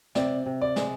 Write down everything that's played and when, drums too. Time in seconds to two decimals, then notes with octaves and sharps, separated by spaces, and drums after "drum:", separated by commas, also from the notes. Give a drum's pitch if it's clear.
0.15 C3 D5, drum: snare
0.46 C3
0.62 D5
0.76 G#3, drum: snare